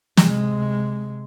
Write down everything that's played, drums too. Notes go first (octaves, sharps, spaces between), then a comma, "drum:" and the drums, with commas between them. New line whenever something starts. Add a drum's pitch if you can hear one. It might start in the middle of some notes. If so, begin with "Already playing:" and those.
C3 G#3, drum: snare